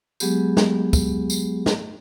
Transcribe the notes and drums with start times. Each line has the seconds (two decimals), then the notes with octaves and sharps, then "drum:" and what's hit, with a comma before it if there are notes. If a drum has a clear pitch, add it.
0.20 F#3 G#3 B3 G4 G#4, drum: tambourine
0.57 drum: snare
0.93 drum: kick, tambourine
1.30 drum: tambourine
1.66 drum: snare